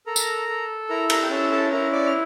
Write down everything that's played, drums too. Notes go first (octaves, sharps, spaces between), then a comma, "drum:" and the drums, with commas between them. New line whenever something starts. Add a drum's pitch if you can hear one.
A4 A#4 A#5
drum: tambourine
A4
E4 A#4 A#5
A#4 A#5, drum: cymbal
G5
C#4 A4 A5
A4 A5
E4 A#4 A#5
D5 D6
F6